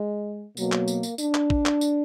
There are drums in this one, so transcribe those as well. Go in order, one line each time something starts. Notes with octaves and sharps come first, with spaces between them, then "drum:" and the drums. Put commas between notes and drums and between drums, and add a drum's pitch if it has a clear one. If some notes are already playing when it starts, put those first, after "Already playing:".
Already playing: G#3
B2 F#3 A#3, drum: tambourine
drum: clap
drum: tambourine
drum: tambourine
D4, drum: tambourine
drum: clap
drum: kick A1
drum: clap
drum: tambourine